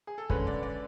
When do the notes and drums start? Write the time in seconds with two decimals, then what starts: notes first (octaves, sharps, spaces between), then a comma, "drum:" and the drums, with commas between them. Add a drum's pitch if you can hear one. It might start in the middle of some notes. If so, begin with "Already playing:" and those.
0.07 G#4
0.18 A4
0.30 D3 G#3 C#4 B4, drum: kick
0.47 D5
0.63 D5